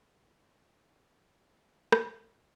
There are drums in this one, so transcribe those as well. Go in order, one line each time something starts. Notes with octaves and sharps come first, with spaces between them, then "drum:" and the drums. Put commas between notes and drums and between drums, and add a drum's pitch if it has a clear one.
F#3 F5
D#5, drum: rim click